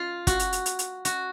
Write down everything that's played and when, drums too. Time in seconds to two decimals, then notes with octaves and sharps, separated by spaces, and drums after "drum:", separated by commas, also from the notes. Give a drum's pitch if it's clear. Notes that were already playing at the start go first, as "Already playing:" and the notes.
Already playing: F4
0.27 F#4, drum: kick, hi-hat
0.39 drum: hi-hat
0.53 drum: hi-hat
0.66 drum: hi-hat
0.79 drum: hi-hat
1.05 F#4, drum: hi-hat